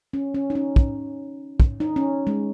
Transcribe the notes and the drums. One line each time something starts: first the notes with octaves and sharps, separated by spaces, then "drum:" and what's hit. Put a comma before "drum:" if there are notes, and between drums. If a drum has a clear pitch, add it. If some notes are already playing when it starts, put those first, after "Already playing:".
C#4
C#4
D#4
C#4
drum: kick
drum: kick
D#4
C#4
G#3